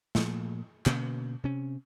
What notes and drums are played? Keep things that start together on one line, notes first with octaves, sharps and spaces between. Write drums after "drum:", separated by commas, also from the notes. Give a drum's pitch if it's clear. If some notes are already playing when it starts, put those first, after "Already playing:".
A#2 F3 A3, drum: snare
B2 D3 A#3 C#4, drum: clap
C3 C#4